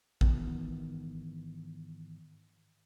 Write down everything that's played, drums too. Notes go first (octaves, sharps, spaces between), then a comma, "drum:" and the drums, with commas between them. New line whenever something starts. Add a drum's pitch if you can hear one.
G#2 D#3 E3 B3, drum: kick A1